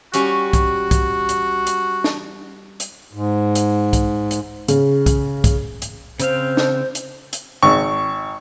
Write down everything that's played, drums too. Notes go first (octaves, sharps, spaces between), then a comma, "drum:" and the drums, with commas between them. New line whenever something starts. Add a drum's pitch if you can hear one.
G3 C#4 F#4 G4, drum: hi-hat
drum: kick, hi-hat
drum: kick, hi-hat
drum: hi-hat
drum: hi-hat
drum: snare
drum: hi-hat
G#2
drum: hi-hat
drum: kick, hi-hat
drum: hi-hat
C#3, drum: hi-hat
drum: kick, hi-hat
drum: kick, hi-hat
drum: hi-hat
C#3 C4 C5 F5, drum: hi-hat
drum: snare
drum: hi-hat
drum: hi-hat
G#1 C#6